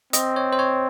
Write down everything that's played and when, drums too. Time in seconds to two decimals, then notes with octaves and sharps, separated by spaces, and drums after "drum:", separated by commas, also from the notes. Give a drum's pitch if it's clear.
0.13 C4 D#5, drum: hi-hat
0.36 C#5
0.53 C5
0.59 C#5